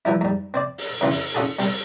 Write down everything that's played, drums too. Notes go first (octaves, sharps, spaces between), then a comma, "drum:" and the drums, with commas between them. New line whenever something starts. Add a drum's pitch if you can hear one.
E3 F3 G3 E4
G#2 G3
C4 C5 D5
drum: open hi-hat
C#3 E3 C4 C#4 F4
drum: open hi-hat
C#4 F4 F#4 G#4 A4
G3 C4, drum: open hi-hat